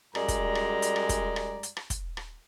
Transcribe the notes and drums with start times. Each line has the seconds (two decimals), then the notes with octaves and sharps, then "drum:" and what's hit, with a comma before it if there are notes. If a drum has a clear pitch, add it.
0.15 F#2 G3 G#3 D5 A#5, drum: rim click
0.28 drum: kick, hi-hat
0.55 drum: rim click
0.82 drum: hi-hat
0.96 drum: rim click
1.09 drum: kick, hi-hat
1.36 drum: rim click
1.63 drum: hi-hat
1.77 drum: rim click
1.90 drum: kick, hi-hat
2.17 drum: rim click